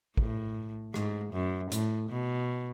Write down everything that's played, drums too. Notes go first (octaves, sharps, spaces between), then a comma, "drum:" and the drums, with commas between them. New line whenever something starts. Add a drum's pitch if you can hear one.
A2, drum: kick
G#2, drum: rim click
F#2
A2, drum: hi-hat
B2